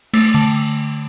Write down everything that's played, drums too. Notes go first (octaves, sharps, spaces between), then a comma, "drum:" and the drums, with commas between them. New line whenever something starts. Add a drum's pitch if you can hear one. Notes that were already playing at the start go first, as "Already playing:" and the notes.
A3, drum: cymbal
D3